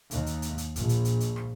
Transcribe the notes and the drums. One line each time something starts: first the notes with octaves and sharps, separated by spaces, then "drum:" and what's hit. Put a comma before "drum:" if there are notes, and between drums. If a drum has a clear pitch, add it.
D#2, drum: hi-hat
drum: hi-hat
drum: hi-hat
drum: hi-hat
A#1, drum: kick, hi-hat
drum: hi-hat
drum: hi-hat
drum: hi-hat
drum: rim click